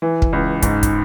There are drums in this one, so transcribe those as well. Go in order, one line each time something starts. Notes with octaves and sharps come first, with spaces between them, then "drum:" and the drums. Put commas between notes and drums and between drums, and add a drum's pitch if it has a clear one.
E3
drum: kick
C#2
G#2, drum: kick, hi-hat
drum: kick, hi-hat